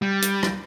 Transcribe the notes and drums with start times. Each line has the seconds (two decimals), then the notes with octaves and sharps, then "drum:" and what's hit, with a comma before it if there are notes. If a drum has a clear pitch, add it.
0.02 G3
0.22 drum: hi-hat
0.43 drum: rim click